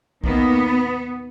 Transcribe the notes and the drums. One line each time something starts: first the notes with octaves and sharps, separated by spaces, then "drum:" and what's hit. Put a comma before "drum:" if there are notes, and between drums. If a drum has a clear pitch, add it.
D#2 D#3 A#3 B3, drum: kick B1